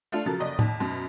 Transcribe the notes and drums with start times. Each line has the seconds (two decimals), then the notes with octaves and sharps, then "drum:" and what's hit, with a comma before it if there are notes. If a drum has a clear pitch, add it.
0.12 A3 D4 F4 A4
0.26 C#3 F3 F#3 A4 A#4 A6
0.40 F#1 D5 D#5
0.59 D#2, drum: tom A2
0.80 F#2 B2